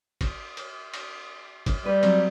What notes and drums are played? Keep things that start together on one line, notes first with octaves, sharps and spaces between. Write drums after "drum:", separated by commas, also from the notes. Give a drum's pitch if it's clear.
drum: kick, cymbal
drum: cymbal
drum: cymbal
drum: kick, cymbal
G3 B4
F#3 C4, drum: cymbal